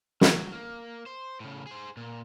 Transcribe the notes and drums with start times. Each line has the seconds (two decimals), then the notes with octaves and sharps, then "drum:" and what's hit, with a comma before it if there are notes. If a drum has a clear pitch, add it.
0.21 F#3, drum: snare
0.52 A#3
1.06 C5
1.40 A2 C#3
1.67 G#4 C5
1.97 A#2